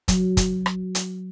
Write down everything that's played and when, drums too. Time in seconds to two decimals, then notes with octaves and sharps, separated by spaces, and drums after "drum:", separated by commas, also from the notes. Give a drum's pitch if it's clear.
0.08 F#3, drum: kick, hi-hat
0.37 drum: kick, hi-hat
0.66 drum: rim click
0.95 drum: hi-hat